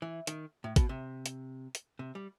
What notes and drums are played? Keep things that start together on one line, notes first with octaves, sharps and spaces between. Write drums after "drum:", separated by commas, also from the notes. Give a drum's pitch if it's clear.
E3
D#3, drum: hi-hat
A2
B2, drum: kick G#1, hi-hat
C3
drum: hi-hat
drum: hi-hat
C3
G3